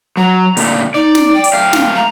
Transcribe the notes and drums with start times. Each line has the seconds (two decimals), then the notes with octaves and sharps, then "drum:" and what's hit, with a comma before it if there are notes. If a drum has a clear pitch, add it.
0.17 F#3 A#5
0.57 A#2 D3 A3, drum: open hi-hat
0.94 D#4 D5
1.15 drum: snare
1.34 G5
1.44 drum: open hi-hat
1.53 A3 F5
1.73 drum: snare
1.95 A#5